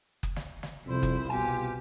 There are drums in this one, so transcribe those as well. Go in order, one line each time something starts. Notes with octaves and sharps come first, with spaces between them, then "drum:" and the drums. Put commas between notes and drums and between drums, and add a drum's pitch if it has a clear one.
drum: kick F#1
drum: snare
drum: snare
C2 F2 E4 C5
drum: kick F#1
B2 F4 G4 G#5